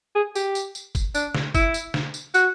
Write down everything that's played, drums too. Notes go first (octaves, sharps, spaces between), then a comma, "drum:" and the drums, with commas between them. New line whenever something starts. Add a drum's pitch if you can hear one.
G#4
G4, drum: tambourine
drum: tambourine
drum: tambourine
drum: kick G1, tambourine
D4, drum: tambourine
drum: snare
E4, drum: kick G1, tambourine
drum: tambourine
drum: snare
drum: tambourine
F#4, drum: tambourine